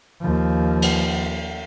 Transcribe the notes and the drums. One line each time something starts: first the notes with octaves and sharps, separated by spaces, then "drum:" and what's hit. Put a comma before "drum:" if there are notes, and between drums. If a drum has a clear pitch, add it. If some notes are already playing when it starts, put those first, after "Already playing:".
D#2 F3
drum: cymbal